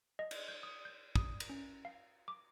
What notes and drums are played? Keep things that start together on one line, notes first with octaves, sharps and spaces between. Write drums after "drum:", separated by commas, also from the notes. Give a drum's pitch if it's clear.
D#5
drum: cymbal
G6
D#6
G6
D#6, drum: kick
drum: cymbal
C#4
F5
D6